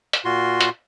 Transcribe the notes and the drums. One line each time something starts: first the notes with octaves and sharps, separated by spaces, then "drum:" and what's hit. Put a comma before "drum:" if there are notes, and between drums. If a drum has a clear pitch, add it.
drum: hi-hat
A#2 F4 F#4 C6
drum: hi-hat